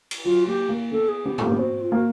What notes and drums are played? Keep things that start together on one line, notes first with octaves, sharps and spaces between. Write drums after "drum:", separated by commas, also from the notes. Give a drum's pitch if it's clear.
drum: cymbal
F#3 F4
A#3 G4
A#3
B3 A4
G#4
B3 G4
A3, drum: tom G#2
A#3 G4
B3
C4 F#4
F4
A#3 F#4